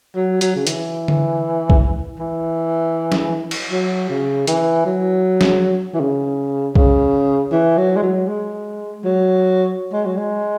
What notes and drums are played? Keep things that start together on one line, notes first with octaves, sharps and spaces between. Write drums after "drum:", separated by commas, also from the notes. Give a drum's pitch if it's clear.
F#3
F#3, drum: hi-hat
C#3
E3, drum: hi-hat
drum: tom D3
drum: kick
E3
drum: snare
drum: cymbal
F#3
C#3
E3, drum: hi-hat
F#3
drum: snare
E3
C#3
C#3, drum: kick
E3
F#3
G#3
F#3
G#3
F#3
G#3
F#3
G#3